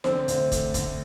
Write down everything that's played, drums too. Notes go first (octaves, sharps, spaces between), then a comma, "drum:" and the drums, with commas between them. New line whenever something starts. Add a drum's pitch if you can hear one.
D3 C4, drum: snare
D2, drum: hi-hat
A3, drum: kick, hi-hat
D2, drum: kick, hi-hat